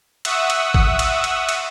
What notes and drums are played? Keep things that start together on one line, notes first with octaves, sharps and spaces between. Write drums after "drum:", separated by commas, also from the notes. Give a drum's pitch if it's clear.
E5 F#5 C#6 D#6 E6 F#6, drum: cymbal
drum: cymbal
drum: kick
drum: cymbal
drum: cymbal
drum: cymbal